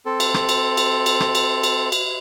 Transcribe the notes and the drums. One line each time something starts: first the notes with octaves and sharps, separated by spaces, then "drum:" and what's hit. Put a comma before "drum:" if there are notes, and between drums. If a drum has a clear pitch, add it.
C4 A4
drum: cymbal
drum: rim click
drum: cymbal
drum: cymbal
drum: cymbal
drum: rim click
drum: cymbal
drum: cymbal
drum: cymbal